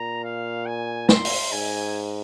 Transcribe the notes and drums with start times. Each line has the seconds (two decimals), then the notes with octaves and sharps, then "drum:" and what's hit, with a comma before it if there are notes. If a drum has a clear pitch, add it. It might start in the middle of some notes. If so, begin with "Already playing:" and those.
Already playing: A#2 A#5
0.24 F5
0.66 G#5
1.09 C6, drum: snare
1.25 drum: open hi-hat
1.52 G#2 G#5